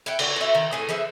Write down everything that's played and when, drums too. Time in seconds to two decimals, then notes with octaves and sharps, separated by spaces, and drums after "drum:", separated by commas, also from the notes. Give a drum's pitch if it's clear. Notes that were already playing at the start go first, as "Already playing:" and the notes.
0.06 E4 F#5 G5
0.19 D3 D4 F#4, drum: cymbal
0.36 F#4 E5
0.55 D#3
0.71 A2 G#4 A4
0.89 F3 B3 G#4 E5